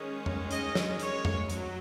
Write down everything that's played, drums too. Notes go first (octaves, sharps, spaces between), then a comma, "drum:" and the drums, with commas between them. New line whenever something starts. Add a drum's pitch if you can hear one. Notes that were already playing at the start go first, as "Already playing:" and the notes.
Already playing: D#3 G#3 C#4
drum: tom F2
D#5, drum: hi-hat
drum: snare
C#5, drum: hi-hat
drum: tom F2
F#3, drum: hi-hat